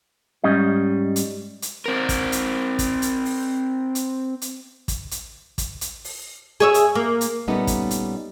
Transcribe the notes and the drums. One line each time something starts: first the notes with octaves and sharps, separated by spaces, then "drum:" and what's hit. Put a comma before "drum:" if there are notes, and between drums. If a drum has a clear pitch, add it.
G#2 G3 C#4 D#5
drum: hi-hat
drum: hi-hat
C4 A#4
drum: kick, hi-hat
drum: hi-hat
drum: kick, hi-hat
drum: hi-hat
drum: open hi-hat
drum: hi-hat
drum: hi-hat
drum: kick, hi-hat
drum: hi-hat
drum: kick, hi-hat
drum: hi-hat
drum: open hi-hat
G#4 C#5 E5
drum: hi-hat
A#3
drum: hi-hat
A#2 G3 A3 B3 C#4 D#4
drum: kick, hi-hat
drum: hi-hat